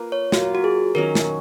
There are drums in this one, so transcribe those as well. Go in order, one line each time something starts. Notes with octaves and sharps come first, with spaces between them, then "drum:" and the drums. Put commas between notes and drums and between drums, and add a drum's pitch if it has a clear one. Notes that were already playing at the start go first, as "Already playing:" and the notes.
Already playing: A#3 F4 B4
C#5
F#3 A#3 F4 F#4, drum: snare
F#4
G#4
D#3 F#3 C#4 A#4
drum: snare